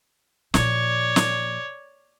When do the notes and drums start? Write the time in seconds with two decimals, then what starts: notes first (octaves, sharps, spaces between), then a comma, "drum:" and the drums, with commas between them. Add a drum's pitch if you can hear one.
0.54 A#2 F3 C#5 D5, drum: snare
1.16 drum: snare